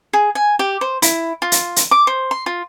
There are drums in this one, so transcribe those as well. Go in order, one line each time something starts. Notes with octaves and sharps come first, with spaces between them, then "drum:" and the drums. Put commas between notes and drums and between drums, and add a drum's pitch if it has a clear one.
G#4
G#5
G4
C5
E4, drum: hi-hat
F4
drum: hi-hat
drum: hi-hat
D6
C5
C6
F4